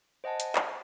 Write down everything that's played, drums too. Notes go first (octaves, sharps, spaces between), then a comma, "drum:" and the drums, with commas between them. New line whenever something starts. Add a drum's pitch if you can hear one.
C5 D#5 F#5 G#5 A5
drum: hi-hat
drum: clap